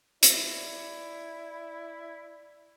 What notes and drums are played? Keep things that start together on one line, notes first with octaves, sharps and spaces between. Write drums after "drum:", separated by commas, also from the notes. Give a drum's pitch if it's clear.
E4 D5, drum: hi-hat